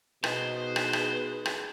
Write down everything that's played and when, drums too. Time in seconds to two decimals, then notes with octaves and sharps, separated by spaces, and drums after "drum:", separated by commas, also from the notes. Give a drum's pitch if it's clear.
0.24 B2 D#4 G#4 B4 C5, drum: rim click
0.76 drum: rim click
0.93 drum: rim click
1.45 drum: rim click